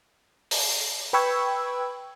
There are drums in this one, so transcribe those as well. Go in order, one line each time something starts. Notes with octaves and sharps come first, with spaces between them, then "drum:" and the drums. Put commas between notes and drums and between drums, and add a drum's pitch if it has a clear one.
drum: open hi-hat
B4 G5 B5 C#6 E6 G#6